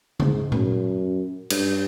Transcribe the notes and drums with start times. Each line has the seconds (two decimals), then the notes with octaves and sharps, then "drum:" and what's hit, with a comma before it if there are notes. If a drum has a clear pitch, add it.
0.20 G#2, drum: tom C#3
0.52 F#2, drum: tom
1.50 G2, drum: cymbal